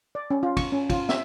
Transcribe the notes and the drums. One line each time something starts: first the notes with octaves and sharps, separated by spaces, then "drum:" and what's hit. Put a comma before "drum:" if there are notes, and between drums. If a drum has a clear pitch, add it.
D5
C#4
F4
C#6, drum: kick, cymbal
C#4
F4, drum: kick, cymbal
E5, drum: snare